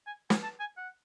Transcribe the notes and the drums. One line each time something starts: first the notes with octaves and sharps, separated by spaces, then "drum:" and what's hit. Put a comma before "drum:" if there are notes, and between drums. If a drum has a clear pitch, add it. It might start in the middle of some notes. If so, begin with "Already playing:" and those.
G#5
G#5, drum: snare
A5
G#5
F#5